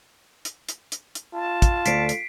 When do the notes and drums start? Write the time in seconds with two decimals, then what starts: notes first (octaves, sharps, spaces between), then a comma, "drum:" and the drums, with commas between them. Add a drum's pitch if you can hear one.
0.45 drum: hi-hat
0.69 drum: hi-hat
0.92 drum: hi-hat
1.15 drum: hi-hat
1.33 F4 A5
1.62 drum: kick, hi-hat
1.86 D2 D5 B6 C7 D7, drum: hi-hat
2.09 drum: hi-hat